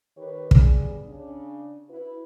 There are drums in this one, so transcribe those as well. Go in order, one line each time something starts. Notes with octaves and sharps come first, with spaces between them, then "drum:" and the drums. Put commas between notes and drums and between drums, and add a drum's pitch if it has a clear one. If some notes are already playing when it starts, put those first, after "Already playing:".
D#3 G4 B4 C#5
G3 B3 G#4, drum: kick
C#3 D4
E4 F#4 B4